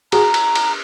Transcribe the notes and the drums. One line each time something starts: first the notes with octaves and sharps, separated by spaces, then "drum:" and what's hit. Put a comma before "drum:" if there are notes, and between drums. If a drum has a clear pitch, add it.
F#4 G#4 A#5, drum: cymbal
drum: cymbal
drum: cymbal